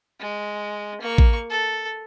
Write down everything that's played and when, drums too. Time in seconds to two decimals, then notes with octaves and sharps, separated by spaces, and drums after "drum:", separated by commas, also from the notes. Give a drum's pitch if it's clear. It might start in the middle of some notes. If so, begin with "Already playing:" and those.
0.19 G#3
1.01 A#3 C#6
1.18 drum: kick A1
1.50 A4